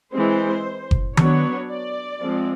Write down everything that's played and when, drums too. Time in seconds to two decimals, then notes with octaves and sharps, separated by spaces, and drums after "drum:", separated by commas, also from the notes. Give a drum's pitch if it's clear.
0.13 E3 G#3 C4 C5
0.91 drum: kick F#1
1.17 F#3 B3 D4 C#5, drum: tom D#3
1.69 D5
2.21 F3 G#3 C4